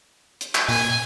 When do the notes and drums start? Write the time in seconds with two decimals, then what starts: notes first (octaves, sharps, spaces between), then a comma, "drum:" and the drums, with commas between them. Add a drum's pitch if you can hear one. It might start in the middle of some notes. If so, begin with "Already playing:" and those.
0.41 drum: hi-hat
0.55 drum: clap
0.69 A#2 G#5, drum: open hi-hat